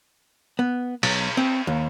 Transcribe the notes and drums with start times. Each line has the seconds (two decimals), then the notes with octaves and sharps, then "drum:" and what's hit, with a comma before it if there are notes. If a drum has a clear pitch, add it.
0.59 B3
1.03 B1, drum: cymbal
1.37 C4
1.67 D#2